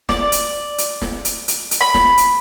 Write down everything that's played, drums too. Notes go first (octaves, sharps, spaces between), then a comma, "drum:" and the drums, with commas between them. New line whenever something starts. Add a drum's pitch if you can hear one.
D5, drum: snare
drum: hi-hat
drum: hi-hat
drum: snare
drum: hi-hat
drum: hi-hat
drum: hi-hat
B5
drum: snare
drum: hi-hat